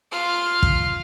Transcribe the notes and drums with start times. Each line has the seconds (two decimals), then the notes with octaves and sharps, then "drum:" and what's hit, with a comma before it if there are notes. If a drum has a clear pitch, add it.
0.12 F4 F6
0.63 drum: kick